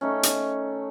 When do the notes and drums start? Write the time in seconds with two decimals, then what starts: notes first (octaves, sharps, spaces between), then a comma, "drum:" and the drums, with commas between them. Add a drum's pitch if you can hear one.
0.01 D#3 A3 C#4
0.23 drum: hi-hat